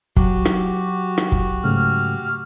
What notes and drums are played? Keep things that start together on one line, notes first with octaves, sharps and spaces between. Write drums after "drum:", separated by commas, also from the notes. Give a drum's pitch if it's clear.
F#3 F#4 G4, drum: kick
drum: rim click
drum: rim click
drum: kick
G#2 C#3 A3 F6